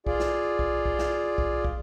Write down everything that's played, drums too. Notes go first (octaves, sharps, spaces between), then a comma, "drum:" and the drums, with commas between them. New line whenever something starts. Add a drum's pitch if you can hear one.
F4 G#4 D5, drum: kick
drum: snare
drum: kick
drum: kick
drum: snare
drum: kick
drum: kick